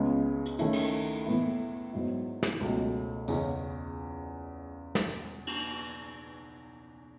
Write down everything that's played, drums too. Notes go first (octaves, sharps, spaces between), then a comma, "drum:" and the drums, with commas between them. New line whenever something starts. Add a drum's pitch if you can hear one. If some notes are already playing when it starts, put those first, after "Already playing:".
Already playing: C#2 C#3 G#3 B3
drum: hi-hat
D#3 A3 C#4 E4, drum: hi-hat
drum: cymbal
A2 E3 B3 E4
G#2 F#3 B3 E4
drum: snare
C#2 B2 F#3 A3
E2 C#3 G#3 C#4, drum: tambourine
drum: snare
drum: cymbal